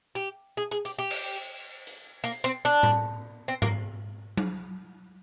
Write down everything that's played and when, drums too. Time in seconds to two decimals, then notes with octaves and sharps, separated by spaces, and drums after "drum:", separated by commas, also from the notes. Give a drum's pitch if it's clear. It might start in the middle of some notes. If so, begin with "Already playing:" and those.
0.15 G4
0.57 G#4
0.71 G#4
0.85 G4, drum: hi-hat
0.99 G4
1.11 drum: cymbal
1.87 drum: hi-hat
2.24 A#3, drum: hi-hat
2.44 C4
2.65 D4
2.83 drum: tom A2
3.48 C4
3.62 A#3, drum: tom G#2
4.37 drum: tom F#3